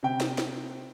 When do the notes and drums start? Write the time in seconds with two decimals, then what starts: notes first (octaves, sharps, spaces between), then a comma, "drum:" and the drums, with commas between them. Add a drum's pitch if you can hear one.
0.03 C3 G5
0.20 drum: snare
0.38 drum: snare